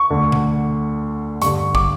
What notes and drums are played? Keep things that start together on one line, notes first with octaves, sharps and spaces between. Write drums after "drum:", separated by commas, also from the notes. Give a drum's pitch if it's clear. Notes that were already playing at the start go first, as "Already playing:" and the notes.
Already playing: C#6
D2 D3
drum: tom B2
G2 D3 C#6, drum: hi-hat
D6, drum: kick